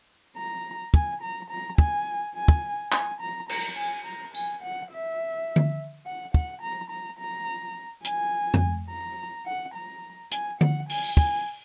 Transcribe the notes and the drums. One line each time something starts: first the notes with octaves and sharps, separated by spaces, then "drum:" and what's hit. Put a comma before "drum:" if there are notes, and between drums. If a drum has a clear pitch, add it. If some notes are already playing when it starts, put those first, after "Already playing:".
A#5
G#5, drum: kick
A#5
A#5
G#5, drum: kick
G#5
drum: kick
G#5, drum: clap
A#5
A#5, drum: cymbal
G#5
A#5
G#5, drum: tambourine
F#5
E5
drum: tom D3
F#5
F#5, drum: kick
A#5
A#5
A#5
G#5, drum: hi-hat
drum: tom F2
A#5
F#5
A#5
G#5, drum: hi-hat
F#5, drum: tom D3
G#5, drum: open hi-hat
drum: tambourine
G#5, drum: kick